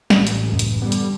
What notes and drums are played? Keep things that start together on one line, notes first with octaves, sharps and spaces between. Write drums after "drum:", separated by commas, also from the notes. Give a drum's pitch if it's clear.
A1, drum: snare
drum: hi-hat
C#2 F#2
drum: hi-hat
D3 G3 B3
drum: hi-hat